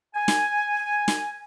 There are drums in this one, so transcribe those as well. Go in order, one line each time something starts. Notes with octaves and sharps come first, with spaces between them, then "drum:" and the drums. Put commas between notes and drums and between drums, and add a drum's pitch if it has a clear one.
G#5
drum: snare
drum: snare